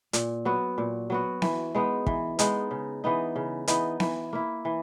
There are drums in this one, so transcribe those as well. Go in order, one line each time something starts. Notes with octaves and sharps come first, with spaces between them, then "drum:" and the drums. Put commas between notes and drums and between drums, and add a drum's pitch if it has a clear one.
A#2, drum: hi-hat
F#3 B3 F#4
A#2
F#3 B3 F#4
E3, drum: snare B3
G#3 B3 D#4
E3, drum: kick
G#3 B3 D#4, drum: hi-hat
C#3
E3 B3 D#4
C#3
E3 B3 D#4, drum: hi-hat
E3, drum: snare B3
A#3 E4
E3